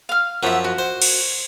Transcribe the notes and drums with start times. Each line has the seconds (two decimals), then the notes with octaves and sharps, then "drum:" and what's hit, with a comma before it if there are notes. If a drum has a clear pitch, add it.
0.09 F5 F6
0.43 F#2 F3 E5 F#5
0.64 F#4
0.79 C5
1.02 drum: cymbal